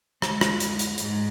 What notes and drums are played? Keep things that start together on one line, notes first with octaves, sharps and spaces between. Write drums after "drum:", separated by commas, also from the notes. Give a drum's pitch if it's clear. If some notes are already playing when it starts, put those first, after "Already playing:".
G#3, drum: rim click
drum: rim click
drum: hi-hat
drum: hi-hat
G#2, drum: hi-hat